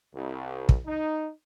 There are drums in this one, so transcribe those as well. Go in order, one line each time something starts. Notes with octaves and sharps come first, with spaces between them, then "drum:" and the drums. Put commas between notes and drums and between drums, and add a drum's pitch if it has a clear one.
C2
drum: kick
D#4